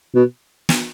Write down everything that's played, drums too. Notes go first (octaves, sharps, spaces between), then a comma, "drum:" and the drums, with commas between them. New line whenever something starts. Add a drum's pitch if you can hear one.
B2
drum: snare